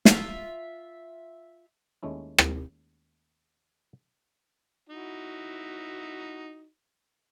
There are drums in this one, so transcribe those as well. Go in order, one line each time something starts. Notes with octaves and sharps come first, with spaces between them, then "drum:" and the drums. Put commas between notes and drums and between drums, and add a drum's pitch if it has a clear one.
F4 E5, drum: snare
D#2 G#3 A3 C#4 E4
drum: rim click
D#4 E4 F#4